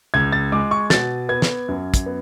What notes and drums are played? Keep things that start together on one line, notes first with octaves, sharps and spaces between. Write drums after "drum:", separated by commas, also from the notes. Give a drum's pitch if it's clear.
C#2 G#6
A6
G#3 D6
C#6
B2 A6, drum: snare
B3 G#6
drum: snare
F#2
drum: kick, hi-hat
B3